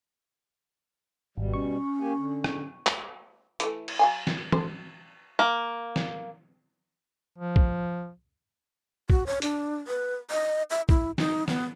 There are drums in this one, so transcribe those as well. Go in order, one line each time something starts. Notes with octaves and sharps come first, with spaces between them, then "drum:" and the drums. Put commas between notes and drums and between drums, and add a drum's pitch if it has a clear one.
G#1 B2 G3
C#4 C#6
A#3 G4 G#5
D3
drum: rim click
drum: clap
E3 A3, drum: hi-hat
drum: cymbal
F#3 F5 G#5
drum: snare
D3 C5, drum: tom
A#3
drum: snare
F3
drum: kick
F#4, drum: kick
C#5
D4, drum: hi-hat
B4
D#5
E5
E4, drum: kick
D#4, drum: snare
B3, drum: snare